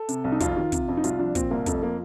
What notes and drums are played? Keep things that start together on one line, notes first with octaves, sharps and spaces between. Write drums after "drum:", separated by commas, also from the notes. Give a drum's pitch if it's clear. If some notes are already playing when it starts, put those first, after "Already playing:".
Already playing: A4
C3, drum: hi-hat
C2
D#4
F2 F4, drum: kick, hi-hat
D#3
C3, drum: kick, hi-hat
F2
D#4
C2 F4, drum: hi-hat
F3 D4
A#2 C4, drum: kick, hi-hat
C2 A#3
F2 A3, drum: kick, hi-hat
F3 A#3